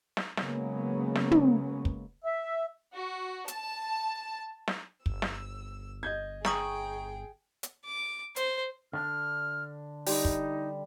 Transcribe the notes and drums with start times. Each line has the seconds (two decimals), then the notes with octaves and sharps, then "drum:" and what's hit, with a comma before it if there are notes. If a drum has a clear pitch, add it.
0.17 drum: snare
0.37 C#3 F#3 G#3 A#3 B3 C#4, drum: snare
1.15 drum: snare
1.31 drum: tom
1.85 drum: kick
2.25 E5
2.93 F#4
3.48 A5, drum: hi-hat
4.68 drum: snare
5.06 G1 E6, drum: kick
5.22 drum: snare
6.03 D#5 G6 G#6
6.45 G#4 G5 A#5 C#6 D#6, drum: snare
7.63 drum: hi-hat
7.85 D6
8.36 C5, drum: hi-hat
8.93 D3 D4 F6
10.06 G3 D#4, drum: open hi-hat
10.25 drum: kick